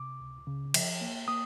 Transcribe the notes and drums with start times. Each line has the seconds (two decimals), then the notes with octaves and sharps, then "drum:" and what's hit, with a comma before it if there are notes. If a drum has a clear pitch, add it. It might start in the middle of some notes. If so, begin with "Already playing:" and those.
Already playing: C3 D6
0.21 C#2
0.47 C#3
0.74 F3, drum: cymbal
1.01 A#3
1.28 A#3 D#6